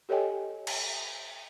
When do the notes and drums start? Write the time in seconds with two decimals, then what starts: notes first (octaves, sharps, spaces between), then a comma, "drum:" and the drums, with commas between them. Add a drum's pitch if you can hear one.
0.09 G4 A4 C#5 D#5 G5 G#5
0.67 drum: cymbal